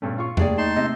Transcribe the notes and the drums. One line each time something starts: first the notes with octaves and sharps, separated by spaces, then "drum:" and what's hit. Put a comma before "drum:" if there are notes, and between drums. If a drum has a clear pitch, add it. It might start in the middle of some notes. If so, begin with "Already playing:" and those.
G2 A#2 A3 C#4
F4 C#6
A3 A#3 D4 G#4 D5 G5, drum: tom E2
D#4 A5 C6
C3 D#5